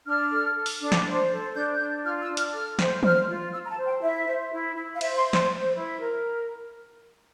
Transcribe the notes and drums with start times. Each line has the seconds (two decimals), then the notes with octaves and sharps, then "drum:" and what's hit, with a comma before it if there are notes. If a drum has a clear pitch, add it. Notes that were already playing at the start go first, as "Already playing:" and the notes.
0.06 D4 F6
0.31 A4
0.55 A4
0.66 drum: open hi-hat
0.80 D4
0.92 drum: snare
1.06 C5
1.30 A4
1.54 D4 G6
1.74 G6
1.79 D4
2.04 F4 F6
2.21 E6
2.29 D4
2.37 F6, drum: hi-hat
2.53 A4 F6
2.79 C5, drum: snare
3.03 C5 F6, drum: tom
3.27 F4
3.52 F4 E6
3.65 A#5
3.69 A5
3.77 C5
3.85 G5
4.01 E4 E5
4.26 C5
4.52 E4
4.76 E4
4.94 F5
5.01 C5 E5, drum: cymbal
5.17 C6
5.25 C5
5.33 C6, drum: snare
5.50 C5
5.74 E4
5.99 A#4